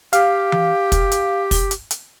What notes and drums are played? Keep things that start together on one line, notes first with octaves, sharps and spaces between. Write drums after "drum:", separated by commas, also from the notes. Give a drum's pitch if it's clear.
G4 F5, drum: hi-hat
drum: tom E3
drum: kick, hi-hat
drum: hi-hat
drum: kick, open hi-hat
drum: hi-hat
drum: hi-hat